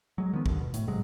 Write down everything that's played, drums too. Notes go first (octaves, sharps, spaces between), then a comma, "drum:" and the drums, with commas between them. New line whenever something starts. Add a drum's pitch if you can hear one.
F#3 G#3
D#3 F3 B3
D#2 D3, drum: kick A1
B2
A2, drum: hi-hat
G#2 C3 F#3 G#3